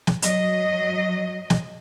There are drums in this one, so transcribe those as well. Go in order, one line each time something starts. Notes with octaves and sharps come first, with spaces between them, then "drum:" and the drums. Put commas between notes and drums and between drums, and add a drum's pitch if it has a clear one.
drum: snare
F#3 D#5, drum: hi-hat
drum: snare